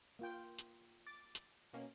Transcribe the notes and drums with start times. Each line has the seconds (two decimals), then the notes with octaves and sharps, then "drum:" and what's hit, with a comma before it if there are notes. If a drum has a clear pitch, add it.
0.19 A#3 F4 G5
0.58 drum: hi-hat
1.06 D6 A6
1.35 drum: hi-hat
1.73 B2 A#3 C#4